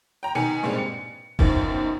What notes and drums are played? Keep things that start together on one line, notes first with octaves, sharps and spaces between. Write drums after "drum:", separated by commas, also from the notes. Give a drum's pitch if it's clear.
G5 A#5
B2 D#3 G#5 C#7
G2 A#2 G3 G#3 C4
C#7
F#2 B2 D#3 F3, drum: kick F1